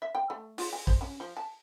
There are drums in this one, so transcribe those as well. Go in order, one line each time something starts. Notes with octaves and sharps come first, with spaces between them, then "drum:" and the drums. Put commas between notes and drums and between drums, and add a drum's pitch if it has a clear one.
E5
G5
A3
F4, drum: open hi-hat
G#5
C5, drum: kick
C#4
F3
A5